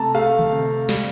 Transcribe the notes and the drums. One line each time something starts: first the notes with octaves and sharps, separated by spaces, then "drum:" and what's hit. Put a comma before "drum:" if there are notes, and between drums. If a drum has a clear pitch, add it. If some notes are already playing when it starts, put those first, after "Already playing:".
Already playing: C3 A3 A5 A#5
A3 F5
drum: tom D3
C3
G3, drum: snare